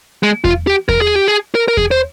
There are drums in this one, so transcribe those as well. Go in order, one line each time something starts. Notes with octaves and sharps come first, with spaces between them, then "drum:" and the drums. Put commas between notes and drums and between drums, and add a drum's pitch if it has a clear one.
G#3
F4, drum: kick E2
G4
A#4, drum: kick E2
G#4
G4
G#4
A#4
A#4
G#4, drum: kick E2
C5